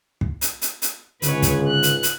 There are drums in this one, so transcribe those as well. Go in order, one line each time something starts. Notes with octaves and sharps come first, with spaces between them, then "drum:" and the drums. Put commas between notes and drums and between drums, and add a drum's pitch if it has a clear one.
drum: kick
drum: hi-hat
drum: hi-hat
drum: hi-hat
C#2 G#2 D3 B4 C#5, drum: hi-hat
drum: kick, hi-hat
F#6
drum: hi-hat
drum: hi-hat